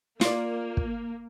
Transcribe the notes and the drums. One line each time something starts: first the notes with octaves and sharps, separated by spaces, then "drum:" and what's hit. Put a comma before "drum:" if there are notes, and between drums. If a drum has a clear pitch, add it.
A#3 F4 D5, drum: snare
drum: kick